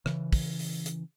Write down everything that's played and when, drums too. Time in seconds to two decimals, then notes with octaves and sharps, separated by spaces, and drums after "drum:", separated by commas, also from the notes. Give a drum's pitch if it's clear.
0.06 C#3 E3, drum: rim click
0.33 drum: kick, open hi-hat
0.59 drum: open hi-hat
0.86 drum: hi-hat